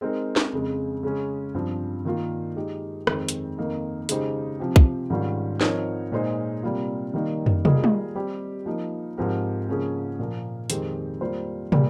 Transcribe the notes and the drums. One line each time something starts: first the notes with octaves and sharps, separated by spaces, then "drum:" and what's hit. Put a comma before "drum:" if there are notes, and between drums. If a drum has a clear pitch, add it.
G#3 C4 D#4 A#4
drum: snare
F2 C#3 G#3
C#3 G#3 C#4
G2 F3 C4
D#3 A#3 F4
G#3 D#4 G4
F2 D#3 G#3 C4, drum: rim click
drum: hi-hat
F2 D#3 A#3 D#4
C#3 G#3 D#4 G4 C5, drum: hi-hat
C3 F3 C4 G4
drum: kick
G#2 D#3 G3 C#4 F4
F3 C4 D#4 A#4 C#5, drum: snare
A#2 G#3 D#4 G#4 C5
C3 G3 A#3 F4
D#3 G3 A#3 D#4
drum: tom
G3 A#3 F4 G#4 D#5, drum: tom
drum: tom G3
G3 C4 G4
F3 A#3 D#4
G#2 F3 C4 G4 A#4
C#3 F3 A#3 C#4 G#4
A#2 F3 A#3
F2 D#3 G#3 C4 G4, drum: hi-hat
G3 A#3 F4 C5
A#2 G3 A#3, drum: tom